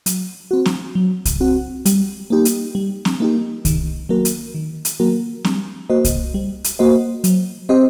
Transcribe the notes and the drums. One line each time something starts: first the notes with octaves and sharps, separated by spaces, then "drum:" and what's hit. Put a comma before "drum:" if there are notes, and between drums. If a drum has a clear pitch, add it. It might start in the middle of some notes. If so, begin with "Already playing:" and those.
F#3, drum: hi-hat
C4 F#4
drum: snare C4
F#3
drum: kick C2, hi-hat
C4 F#4
G3, drum: hi-hat
A#3 D#4 G4
drum: hi-hat
G3
drum: snare C4
A#3 D#4 G4
D#3, drum: kick C2, hi-hat
F#3 A#3 F#4 A#4
drum: hi-hat
D#3
drum: hi-hat
F#3 A#3 F#4 A#4
G3, drum: snare C4
A#3 F#4 C5 D#5
drum: kick C2, hi-hat
G3
drum: hi-hat
A#3 F#4 C5 D#5
F#3, drum: hi-hat
C4 G4 C5 D#5